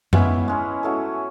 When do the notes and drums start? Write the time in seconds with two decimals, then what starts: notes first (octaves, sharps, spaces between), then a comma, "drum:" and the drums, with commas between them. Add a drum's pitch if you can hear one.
0.13 G#3 B3 C#4 E4, drum: tom F#2
0.48 G#3 C#4 E4
0.83 F#3 C#4 E4 A4